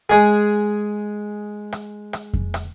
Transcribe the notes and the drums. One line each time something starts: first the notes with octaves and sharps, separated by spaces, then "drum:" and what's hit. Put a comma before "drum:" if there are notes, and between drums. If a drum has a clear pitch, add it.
G#3 G#4
drum: rim click
drum: rim click
drum: kick F2
drum: rim click